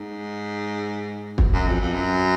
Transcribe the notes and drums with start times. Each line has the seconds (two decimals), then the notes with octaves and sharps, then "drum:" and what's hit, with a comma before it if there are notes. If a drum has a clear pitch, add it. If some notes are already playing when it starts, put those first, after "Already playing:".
Already playing: G#2
1.38 drum: kick
1.53 F#2
1.67 F2
1.80 F2
1.94 F#2